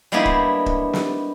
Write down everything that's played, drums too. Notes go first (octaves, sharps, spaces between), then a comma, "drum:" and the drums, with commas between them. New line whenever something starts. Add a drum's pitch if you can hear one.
G3 G#3 A#3 B3 D4 E4
drum: kick
drum: kick
drum: snare